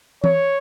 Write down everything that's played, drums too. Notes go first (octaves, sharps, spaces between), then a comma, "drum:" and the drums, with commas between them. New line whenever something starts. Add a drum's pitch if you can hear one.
C#5, drum: tom E3